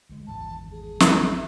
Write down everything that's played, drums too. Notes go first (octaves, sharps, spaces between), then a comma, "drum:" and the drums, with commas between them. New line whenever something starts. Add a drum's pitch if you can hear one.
D2 G#3
G#1 E2 G2 A5
G#4
drum: snare
E5